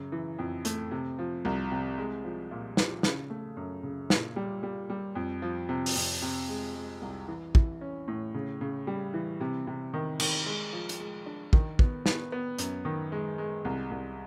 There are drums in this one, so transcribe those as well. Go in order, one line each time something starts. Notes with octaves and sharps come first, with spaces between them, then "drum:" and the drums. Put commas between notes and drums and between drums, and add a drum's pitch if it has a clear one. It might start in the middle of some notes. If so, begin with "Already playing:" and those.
Already playing: F#2 C#3
E3
F2
A3, drum: hi-hat
C3
F3
C2
C3
G#3
F3
A#2
F3, drum: snare
C#3, drum: snare
A3
F#2
C#3
A#2, drum: snare
G3
G3
G3
F2
F3
C3
drum: open hi-hat
F2
C3
G#3
G#3
C2
E3
E3, drum: kick
C#4
A2
C#3
C#3
G3
E3
C3
C3
D#3
D#3, drum: cymbal
G#3
F3
drum: hi-hat
G#3
D4
D#3, drum: kick
B3, drum: kick
B3, drum: snare
B3
F#2, drum: hi-hat
D#3
G#3
G#3
C2
C2